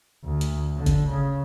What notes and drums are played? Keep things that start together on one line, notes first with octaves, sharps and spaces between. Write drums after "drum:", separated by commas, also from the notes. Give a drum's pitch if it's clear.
D2
drum: hi-hat
D3
drum: kick G1, hi-hat
C#3